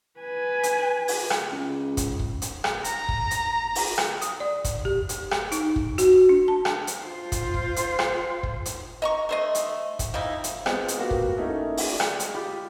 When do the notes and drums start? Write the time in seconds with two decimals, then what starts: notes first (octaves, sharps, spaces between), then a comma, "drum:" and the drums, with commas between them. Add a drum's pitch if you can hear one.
0.20 B4 G#5
0.63 drum: hi-hat
1.08 drum: open hi-hat
1.30 drum: rim click
1.51 C#2
1.97 drum: kick, hi-hat
2.19 drum: kick
2.42 drum: hi-hat
2.64 drum: rim click
2.84 A#5, drum: hi-hat
3.08 drum: kick
3.31 drum: hi-hat
3.75 drum: open hi-hat
3.98 drum: rim click
4.21 D#6, drum: hi-hat
4.40 D5
4.64 drum: kick, hi-hat
4.85 G4, drum: kick
5.09 drum: hi-hat
5.31 drum: rim click
5.52 D#4, drum: hi-hat
5.76 drum: kick
5.98 F#4, drum: hi-hat
6.29 D4
6.48 A5
6.65 drum: rim click
6.87 drum: hi-hat
7.04 F4 C5
7.32 drum: kick, hi-hat
7.54 drum: kick
7.76 drum: hi-hat
7.99 drum: rim click
8.43 drum: kick
8.66 drum: hi-hat
9.02 D#5 A#5 C#6
9.29 A3 C5 D#5
9.55 drum: hi-hat
9.99 drum: kick, hi-hat
10.14 F3 G3 D#4 E4
10.44 drum: hi-hat
10.66 G#3 B3 C4 F4 C5, drum: rim click
10.88 drum: hi-hat
10.99 A#3 F#4 G4 B4 F5
11.11 drum: kick
11.37 A3 A#3 C#4 D#4 E4 A4
11.77 drum: open hi-hat
11.90 D5
12.00 drum: rim click
12.20 G#3, drum: hi-hat
12.35 F4 G4 B5